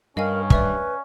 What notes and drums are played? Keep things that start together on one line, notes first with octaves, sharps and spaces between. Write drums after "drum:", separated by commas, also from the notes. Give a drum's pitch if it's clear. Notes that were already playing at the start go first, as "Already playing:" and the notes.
G2 C#4 A#4 D#5 F5 G#5
B4 D5 E5 C#6, drum: kick